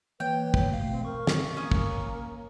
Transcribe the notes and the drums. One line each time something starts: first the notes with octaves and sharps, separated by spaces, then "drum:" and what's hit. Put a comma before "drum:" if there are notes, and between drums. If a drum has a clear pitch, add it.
E3 A#3 B4 C#5 G5
drum: kick
B2 A3 F5
C4
A#4 C#6
drum: snare
A#3 C#4 D#6
drum: kick